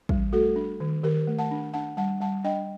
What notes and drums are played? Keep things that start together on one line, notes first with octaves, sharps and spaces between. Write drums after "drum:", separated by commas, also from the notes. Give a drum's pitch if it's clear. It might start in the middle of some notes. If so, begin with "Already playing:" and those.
G3, drum: kick
A3 F#4 A4
D4
D#3
D#3 G4 A#4
A3
F#5 A5
D4
D4 F#5 A5
G3 F#5 A5
G3 F#5 A5
D4 D#5 G5